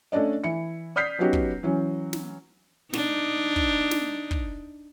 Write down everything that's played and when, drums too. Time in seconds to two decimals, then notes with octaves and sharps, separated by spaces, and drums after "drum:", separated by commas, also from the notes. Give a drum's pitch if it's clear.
0.12 A3 C#4 D4 D5 D#5
0.44 E3 E4 C#7
0.96 D5 D#6 F6 G6 B6 C7
1.19 F#3 B3 C#4 D#4 F#4 G4
1.33 drum: kick
1.63 E3 F#3 C#4
2.13 drum: snare
2.93 D4 D#4, drum: snare
3.56 drum: kick
3.91 drum: snare
4.31 drum: kick